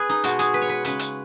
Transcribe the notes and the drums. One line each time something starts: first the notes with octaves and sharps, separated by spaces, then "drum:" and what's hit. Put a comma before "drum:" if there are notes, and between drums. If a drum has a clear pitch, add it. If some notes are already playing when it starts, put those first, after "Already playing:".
Already playing: G#4 B4
D#4
B2 G#3 F#4, drum: hi-hat
G#4, drum: hi-hat
B4
C#5
B4
C#3 G#3 B4, drum: hi-hat
drum: hi-hat